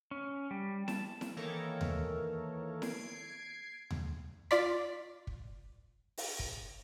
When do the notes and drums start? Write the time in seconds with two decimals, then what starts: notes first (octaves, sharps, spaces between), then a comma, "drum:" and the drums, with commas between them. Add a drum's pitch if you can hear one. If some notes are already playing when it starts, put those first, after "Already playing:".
0.11 C#4
0.51 G3
0.88 A5, drum: snare E4
1.21 drum: snare E4
1.37 D#3 E3 A#3 A4 A#4 C#5
1.81 drum: tom D#2
2.82 G#6 C7 D7, drum: snare E4
3.91 drum: tom D#2
4.51 F4 D5 B6, drum: rim click
5.27 drum: kick
6.17 drum: open hi-hat
6.39 drum: kick